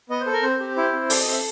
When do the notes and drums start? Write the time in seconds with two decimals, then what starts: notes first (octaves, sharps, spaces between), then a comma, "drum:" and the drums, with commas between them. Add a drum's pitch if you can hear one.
0.10 B3 D#5
0.21 C5
0.26 A4
0.33 A#4
0.43 C4 C5
0.60 G4
0.76 E4 C5
0.93 C4
1.10 A4 D5, drum: open hi-hat
1.20 D#5
1.26 C4
1.32 E5